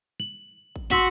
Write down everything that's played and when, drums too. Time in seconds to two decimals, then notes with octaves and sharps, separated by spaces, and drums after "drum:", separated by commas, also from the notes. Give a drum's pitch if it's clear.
0.20 F#7
0.76 drum: kick
0.91 F#4 C6 E6 B6, drum: kick